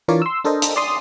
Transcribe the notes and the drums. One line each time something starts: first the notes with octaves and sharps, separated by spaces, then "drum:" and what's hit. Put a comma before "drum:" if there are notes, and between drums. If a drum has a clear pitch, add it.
E3 D4 F4 A#4 C#5 D5
C6 E6
D4 A4 A#4 C5 D#5
drum: hi-hat
D5 C6 D#6